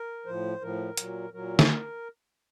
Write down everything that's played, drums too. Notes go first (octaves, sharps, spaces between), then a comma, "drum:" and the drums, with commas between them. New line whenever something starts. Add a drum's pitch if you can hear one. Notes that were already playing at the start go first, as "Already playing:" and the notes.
Already playing: A#4
A2 F3 C5
A2 F3 A#4
A#2 F#3, drum: hi-hat
A#2 F#3 A#4
drum: snare